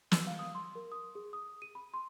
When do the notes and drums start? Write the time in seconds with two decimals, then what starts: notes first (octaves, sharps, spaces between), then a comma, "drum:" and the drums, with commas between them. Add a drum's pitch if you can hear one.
0.12 E6, drum: snare
0.27 F5
0.39 D#6
0.55 C6
0.75 A#4
0.92 D#6
1.15 G#4
1.33 D#6
1.62 D#7
1.75 B5
1.94 C6